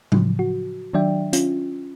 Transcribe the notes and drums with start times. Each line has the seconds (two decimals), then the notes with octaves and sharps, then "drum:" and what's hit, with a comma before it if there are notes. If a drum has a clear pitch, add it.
0.12 A2 C#3 F3 F#3, drum: tom
0.39 F#4
0.93 D#3 F#3 D4 D5 E5 G5
1.33 C#4 F4, drum: hi-hat